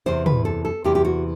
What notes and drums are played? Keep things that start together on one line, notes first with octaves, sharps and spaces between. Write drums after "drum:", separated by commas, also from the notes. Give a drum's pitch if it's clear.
E2 C3 E3 C5
B4, drum: tom
A4
A4
E2 C3 E3 G4
G4
F#4